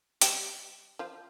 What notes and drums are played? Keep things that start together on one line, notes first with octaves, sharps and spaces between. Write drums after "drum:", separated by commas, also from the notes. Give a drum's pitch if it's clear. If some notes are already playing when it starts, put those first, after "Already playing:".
G3 G4, drum: hi-hat
F3 F4